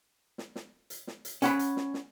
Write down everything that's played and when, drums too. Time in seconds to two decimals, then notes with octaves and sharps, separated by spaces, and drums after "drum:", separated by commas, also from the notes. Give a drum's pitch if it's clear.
0.38 drum: snare
0.56 drum: snare
0.90 drum: hi-hat
1.07 drum: snare
1.25 drum: hi-hat
1.42 C#4 F#5 B5, drum: hi-hat
1.59 drum: hi-hat
1.77 drum: snare
1.94 drum: snare